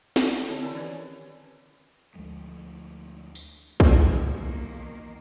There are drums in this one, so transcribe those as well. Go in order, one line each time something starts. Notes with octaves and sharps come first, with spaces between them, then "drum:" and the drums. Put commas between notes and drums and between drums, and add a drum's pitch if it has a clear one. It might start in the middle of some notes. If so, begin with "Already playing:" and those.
D5, drum: snare
A4
D3 E4 C#5 D#5 A5
D#3 E3 E4 A#4 D5 G#5
E3 C#4 G4 B4 C#5 D5
D2 F3 G#3 A3
drum: tambourine
drum: kick
G#1 F#2 B2
E2 D#3 A#3